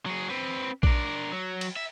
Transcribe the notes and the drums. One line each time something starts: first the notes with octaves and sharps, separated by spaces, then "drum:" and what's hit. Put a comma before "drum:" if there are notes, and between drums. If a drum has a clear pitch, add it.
F#3 G#4
C4 B4
D4 A#4, drum: kick A#1
F#3
drum: cymbal
E5